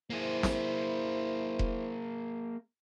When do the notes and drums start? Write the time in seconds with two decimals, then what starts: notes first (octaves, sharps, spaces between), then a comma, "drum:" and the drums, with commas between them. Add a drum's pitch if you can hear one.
0.10 A#3 E4 G#4 C5
0.43 drum: snare
1.59 drum: kick E1